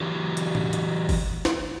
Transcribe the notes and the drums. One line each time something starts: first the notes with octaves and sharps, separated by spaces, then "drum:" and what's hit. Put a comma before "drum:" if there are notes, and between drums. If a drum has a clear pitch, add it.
E3 F#4 G4
drum: hi-hat
drum: tom A2
drum: hi-hat
drum: kick F#1, open hi-hat
drum: snare E4